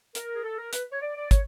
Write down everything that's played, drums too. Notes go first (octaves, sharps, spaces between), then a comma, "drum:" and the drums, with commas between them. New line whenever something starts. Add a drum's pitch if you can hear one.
A#4, drum: hi-hat
G#4
A4
A#4
B4, drum: hi-hat
C#5
D5
D5
C#5, drum: kick, hi-hat